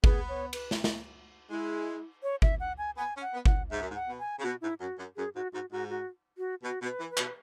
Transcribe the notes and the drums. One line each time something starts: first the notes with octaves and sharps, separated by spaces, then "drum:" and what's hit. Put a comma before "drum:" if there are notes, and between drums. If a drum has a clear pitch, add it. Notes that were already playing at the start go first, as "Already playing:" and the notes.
B3 G#4, drum: kick G1
C#5
B4, drum: cymbal
drum: snare
drum: snare
G#3 E4
C#5
E5, drum: kick G1
F#5
G#5
B3 G#5
C#4
F#5
B3
F#5, drum: kick G1
G#2 E5
F#2
G#2
F#5
B2
G#5
C#3
B2 F#4
G#2 E4
F#2 F#4
F#2
F#2 G#4
G#2 F#4
G#2 F#4
G#2 F#4
F#4
F#4
B2 F#4
B2
B4
E3
B4
B2, drum: clap